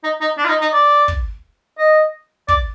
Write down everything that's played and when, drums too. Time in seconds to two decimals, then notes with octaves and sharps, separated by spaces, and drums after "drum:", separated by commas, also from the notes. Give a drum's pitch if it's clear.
0.04 D#4
0.21 D#4
0.38 D4
0.45 F4
0.49 D#4
0.61 D#4
0.73 D5
1.08 drum: kick
1.78 D#5
2.48 D5, drum: kick